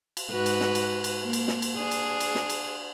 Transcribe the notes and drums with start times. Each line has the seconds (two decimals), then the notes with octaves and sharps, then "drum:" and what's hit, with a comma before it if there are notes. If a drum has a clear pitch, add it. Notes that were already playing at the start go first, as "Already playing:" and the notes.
0.17 drum: cymbal
0.31 G#2 F#4 B4
0.46 drum: cymbal
0.60 drum: snare
0.75 drum: cymbal
1.04 drum: cymbal
1.24 A#3
1.33 drum: cymbal
1.48 drum: snare
1.62 drum: cymbal
1.77 D4 G#4
1.91 drum: cymbal
2.20 drum: cymbal
2.35 drum: snare
2.50 drum: cymbal